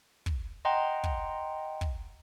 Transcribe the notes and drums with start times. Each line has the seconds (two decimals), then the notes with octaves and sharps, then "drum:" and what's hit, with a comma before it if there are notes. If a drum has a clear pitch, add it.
0.26 drum: kick
0.65 D#5 F#5 G5 A#5 C6
1.04 drum: kick
1.81 drum: kick